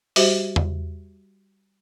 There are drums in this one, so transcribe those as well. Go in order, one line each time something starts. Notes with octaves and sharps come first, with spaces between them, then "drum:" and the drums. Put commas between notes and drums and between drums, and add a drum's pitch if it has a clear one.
G3 F#4 G4 C5 E5, drum: open hi-hat
drum: tom E2